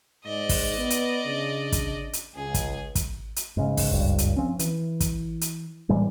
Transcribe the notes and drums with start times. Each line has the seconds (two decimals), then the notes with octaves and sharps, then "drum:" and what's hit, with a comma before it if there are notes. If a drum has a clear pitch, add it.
0.25 G#2 D5 D#5
0.49 drum: kick, open hi-hat
0.78 B3
0.90 drum: hi-hat
1.26 C#3 D4
1.72 drum: kick, hi-hat
2.13 drum: hi-hat
2.35 C#2 G#4
2.54 drum: kick, hi-hat
2.95 drum: kick, hi-hat
3.36 drum: hi-hat
3.57 G#2 C#3
3.77 drum: kick, open hi-hat
3.91 F#1 C#2 G2
4.18 drum: hi-hat
4.36 F3 C4 C#4
4.59 E3, drum: hi-hat
5.00 drum: kick, hi-hat
5.41 drum: hi-hat
5.89 A2 E3 G3 G#3